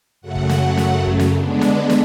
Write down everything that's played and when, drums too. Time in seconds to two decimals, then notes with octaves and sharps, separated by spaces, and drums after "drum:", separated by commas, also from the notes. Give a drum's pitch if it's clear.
0.21 F#2 C#3 F#3 A3 F#5
0.35 drum: kick
0.49 drum: snare
0.77 drum: snare
1.05 drum: kick
1.19 drum: snare
1.33 D3 G#3 B3 D4
1.61 D5, drum: snare
1.89 drum: snare